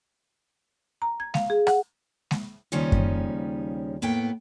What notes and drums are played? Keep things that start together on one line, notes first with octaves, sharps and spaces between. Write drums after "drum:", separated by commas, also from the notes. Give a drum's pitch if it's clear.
A#5
G#6
F5, drum: snare G#3
G#4
F#5, drum: rim click
drum: snare G#3
D#2 C#3 F3 G3 C#4 D#4
drum: kick F#2
A2 A#3 B3 G5